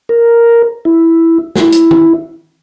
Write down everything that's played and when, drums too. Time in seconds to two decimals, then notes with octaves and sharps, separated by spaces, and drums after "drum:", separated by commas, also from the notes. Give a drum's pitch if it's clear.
0.09 A#4
0.85 E4
1.56 F#4, drum: snare
1.60 E4
1.72 drum: hi-hat
1.91 drum: tom